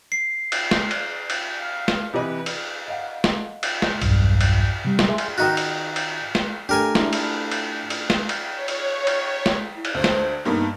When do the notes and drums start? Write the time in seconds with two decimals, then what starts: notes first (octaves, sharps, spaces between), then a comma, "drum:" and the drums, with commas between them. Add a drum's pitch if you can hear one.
0.12 C7
0.52 drum: cymbal
0.71 drum: snare
0.91 drum: cymbal
1.30 drum: cymbal
1.60 F5
1.88 drum: snare
2.14 C3 E3 B4 D#5
2.46 drum: cymbal
2.88 D#5 F5 F#5
3.24 drum: snare
3.63 drum: cymbal
3.82 drum: snare
4.02 B1 E2 G2, drum: cymbal
4.41 drum: cymbal
4.85 C3 G3
4.99 drum: snare
5.08 G#4 E5 G#5 C6
5.18 drum: cymbal
5.38 D#3 D#4 F#4
5.57 drum: cymbal
5.96 drum: cymbal
6.35 drum: snare
6.69 A3 D4 G4 A#4 G#5
6.95 D4 E4, drum: snare
7.13 drum: cymbal
7.51 drum: cymbal
7.90 drum: cymbal
8.10 drum: snare
8.29 drum: cymbal
8.50 C#5
8.68 drum: cymbal
9.07 drum: cymbal
9.46 drum: snare
9.76 E4
9.85 drum: cymbal
9.94 D2 C5
10.04 drum: snare
10.45 G2 A#3 B3 D#4